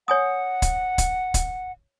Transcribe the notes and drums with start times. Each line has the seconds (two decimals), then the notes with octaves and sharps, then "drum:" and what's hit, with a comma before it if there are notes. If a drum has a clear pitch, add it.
0.08 C#5 F#5 G#5 D#6
0.62 drum: kick, hi-hat
0.98 drum: kick, hi-hat
1.34 drum: kick, hi-hat